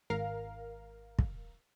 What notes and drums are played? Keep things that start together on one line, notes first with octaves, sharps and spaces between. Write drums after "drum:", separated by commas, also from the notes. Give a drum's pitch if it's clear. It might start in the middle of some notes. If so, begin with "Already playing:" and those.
G#1 A#4 F5
drum: kick